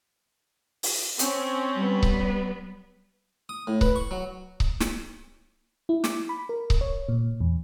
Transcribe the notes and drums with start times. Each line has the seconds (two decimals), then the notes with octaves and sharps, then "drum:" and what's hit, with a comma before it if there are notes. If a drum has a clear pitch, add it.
0.83 drum: open hi-hat
1.19 C4 C#4, drum: hi-hat
1.76 G3 B3
2.03 drum: kick C#1
3.49 D#6
3.67 A2
3.81 B4, drum: kick C#1
3.96 C#6
4.11 F#3
4.60 drum: kick C#1
4.80 drum: snare
5.89 E4
6.04 D6, drum: snare
6.29 B5
6.49 A#4
6.70 drum: kick C#1
6.81 C#5
7.09 A#2
7.40 E2